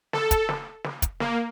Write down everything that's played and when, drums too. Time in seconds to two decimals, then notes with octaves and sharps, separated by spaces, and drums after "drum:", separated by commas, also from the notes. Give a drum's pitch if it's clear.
0.13 A4, drum: snare
0.31 drum: kick, hi-hat
0.49 drum: snare
0.84 drum: snare
1.02 drum: kick, hi-hat
1.20 A#3, drum: snare